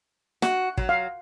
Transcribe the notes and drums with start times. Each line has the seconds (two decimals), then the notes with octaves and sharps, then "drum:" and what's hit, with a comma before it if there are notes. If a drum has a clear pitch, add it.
0.42 F#4, drum: snare
0.77 F#3, drum: kick
0.89 F5